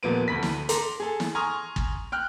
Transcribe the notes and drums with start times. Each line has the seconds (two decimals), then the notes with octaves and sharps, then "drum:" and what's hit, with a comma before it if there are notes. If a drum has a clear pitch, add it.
0.03 D#1 F3 A#3 B3 D7 D#7
0.28 D2 B5 B6
0.43 drum: snare
0.69 A#5 C6, drum: hi-hat
1.00 G#4 A4
1.20 drum: snare
1.35 G#5 A#5 C6 C#6 D#6 F6
1.76 drum: kick
2.12 G5 F6 F#6